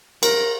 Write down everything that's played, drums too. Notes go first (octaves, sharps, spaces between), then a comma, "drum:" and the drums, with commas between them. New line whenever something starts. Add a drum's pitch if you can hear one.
A#4, drum: cymbal